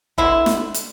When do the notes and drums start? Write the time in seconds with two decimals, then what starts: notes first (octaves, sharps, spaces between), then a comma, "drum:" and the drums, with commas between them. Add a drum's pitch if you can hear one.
0.18 D3 G#3 B3 E4, drum: kick G1
0.46 drum: snare
0.74 drum: hi-hat